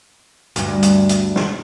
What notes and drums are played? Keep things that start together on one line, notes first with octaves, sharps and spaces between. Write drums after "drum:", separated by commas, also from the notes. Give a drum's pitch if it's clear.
D2 G2, drum: hi-hat
drum: hi-hat
drum: hi-hat
drum: snare